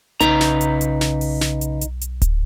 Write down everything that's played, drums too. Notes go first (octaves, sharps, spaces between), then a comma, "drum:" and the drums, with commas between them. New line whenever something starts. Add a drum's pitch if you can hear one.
B1 C#3 D#4 B4 A#5, drum: hi-hat
drum: snare
drum: hi-hat
drum: hi-hat
drum: snare
drum: open hi-hat
drum: snare
drum: hi-hat
drum: hi-hat
drum: hi-hat
drum: kick D1, hi-hat